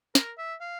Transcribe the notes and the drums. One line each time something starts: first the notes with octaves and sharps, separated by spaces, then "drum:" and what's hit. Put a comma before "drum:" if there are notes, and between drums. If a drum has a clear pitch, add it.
A#4, drum: snare
E5
F5